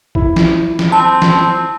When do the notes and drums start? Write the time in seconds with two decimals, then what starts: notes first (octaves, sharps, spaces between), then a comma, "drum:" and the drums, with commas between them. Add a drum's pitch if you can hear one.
0.15 E4, drum: kick
0.36 drum: snare
0.79 drum: snare
0.92 C4 A5
1.22 drum: snare